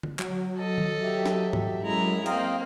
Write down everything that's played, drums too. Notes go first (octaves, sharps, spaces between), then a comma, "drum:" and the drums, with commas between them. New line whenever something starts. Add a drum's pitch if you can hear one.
drum: tom D3
F#3, drum: clap
A4 D#5
drum: tom D#3
G4 E5
drum: snare
drum: tom G#2
F#2 G#3 E4 A#5
A#3 C4 D#5 F5 G5, drum: cymbal